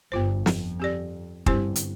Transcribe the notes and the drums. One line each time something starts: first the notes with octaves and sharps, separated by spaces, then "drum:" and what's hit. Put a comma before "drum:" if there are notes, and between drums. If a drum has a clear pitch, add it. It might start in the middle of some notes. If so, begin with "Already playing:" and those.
G1 G2 B3 F4 C5
F2, drum: snare
C4 G4 D5
G1 G2 C4 E4 G4 C5, drum: kick
drum: hi-hat